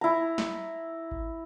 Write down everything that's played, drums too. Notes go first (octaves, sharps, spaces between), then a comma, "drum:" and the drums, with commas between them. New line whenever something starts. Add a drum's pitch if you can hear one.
E4 A#5
drum: snare
drum: kick G#1